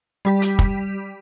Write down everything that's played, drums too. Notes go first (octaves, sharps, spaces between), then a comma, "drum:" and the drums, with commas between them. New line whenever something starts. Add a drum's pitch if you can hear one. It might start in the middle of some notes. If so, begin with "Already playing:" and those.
G3 G4 B6
drum: hi-hat
drum: kick